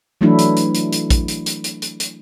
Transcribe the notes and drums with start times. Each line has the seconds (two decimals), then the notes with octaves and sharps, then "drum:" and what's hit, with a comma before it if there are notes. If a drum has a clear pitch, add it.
0.21 E3 F#3 A3 D4 E4 F#4
0.39 drum: hi-hat
0.57 drum: hi-hat
0.75 drum: hi-hat
0.93 drum: hi-hat
1.10 drum: kick, hi-hat
1.28 drum: hi-hat
1.46 drum: hi-hat
1.64 drum: hi-hat
1.82 drum: hi-hat
2.00 drum: hi-hat